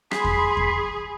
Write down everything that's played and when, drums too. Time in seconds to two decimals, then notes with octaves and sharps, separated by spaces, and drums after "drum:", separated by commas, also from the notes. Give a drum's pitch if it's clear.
0.11 G#4 B5 C6, drum: rim click
0.25 drum: kick E2
0.57 drum: kick E2